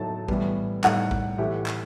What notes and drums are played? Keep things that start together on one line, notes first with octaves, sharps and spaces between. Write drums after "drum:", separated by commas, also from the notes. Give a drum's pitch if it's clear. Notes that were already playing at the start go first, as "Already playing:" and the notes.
Already playing: A2 F#3 A3 D#4 A5
A2 E3 G3 B3, drum: kick A1
A2 G3 D#4 F#5, drum: clap
drum: kick A1
A2 E3 A3 E4 G4
drum: clap